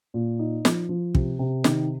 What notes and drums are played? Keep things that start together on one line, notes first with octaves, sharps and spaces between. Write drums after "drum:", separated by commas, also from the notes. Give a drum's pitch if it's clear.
A#2
D#4
F3, drum: snare
F3
C3, drum: kick
C3
D#3, drum: snare